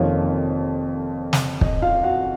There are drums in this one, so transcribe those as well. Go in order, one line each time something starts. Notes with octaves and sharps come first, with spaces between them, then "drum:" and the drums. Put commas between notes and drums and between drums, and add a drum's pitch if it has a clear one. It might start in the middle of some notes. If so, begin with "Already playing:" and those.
Already playing: F1 F2 D#3 A#3 F4 C#5
drum: snare
D#5, drum: kick
F4 F5
F#4 F#5